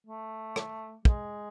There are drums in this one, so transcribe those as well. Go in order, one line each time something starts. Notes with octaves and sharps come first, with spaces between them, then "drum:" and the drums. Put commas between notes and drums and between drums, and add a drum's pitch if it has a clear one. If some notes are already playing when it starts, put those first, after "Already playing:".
A3
drum: rim click
G#3, drum: kick